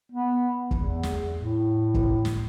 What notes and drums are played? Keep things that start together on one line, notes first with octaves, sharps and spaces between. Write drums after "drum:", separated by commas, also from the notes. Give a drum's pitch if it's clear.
B3
E2, drum: kick
drum: snare
A2
drum: kick
drum: snare